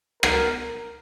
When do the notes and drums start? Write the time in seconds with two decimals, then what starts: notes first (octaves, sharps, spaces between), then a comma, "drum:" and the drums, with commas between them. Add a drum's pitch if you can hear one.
0.23 A#4, drum: rim click